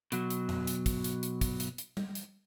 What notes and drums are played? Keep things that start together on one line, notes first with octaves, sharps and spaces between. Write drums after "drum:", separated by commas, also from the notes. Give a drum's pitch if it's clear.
B2 F#3, drum: hi-hat
drum: hi-hat
drum: tom F2
drum: hi-hat
drum: kick, hi-hat
drum: hi-hat
drum: hi-hat
drum: kick, hi-hat
drum: hi-hat
drum: hi-hat
drum: tom G3
drum: hi-hat